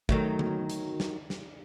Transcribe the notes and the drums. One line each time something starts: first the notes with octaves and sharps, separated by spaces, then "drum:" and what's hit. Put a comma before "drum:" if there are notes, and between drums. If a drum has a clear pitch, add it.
D#3 F#3 A3, drum: kick
drum: tom D3
drum: hi-hat
drum: snare
drum: snare